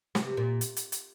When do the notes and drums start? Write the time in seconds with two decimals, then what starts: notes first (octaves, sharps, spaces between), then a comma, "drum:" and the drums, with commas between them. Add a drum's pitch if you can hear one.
0.15 C3, drum: snare
0.37 A#2
0.61 drum: hi-hat
0.77 drum: hi-hat
0.92 drum: hi-hat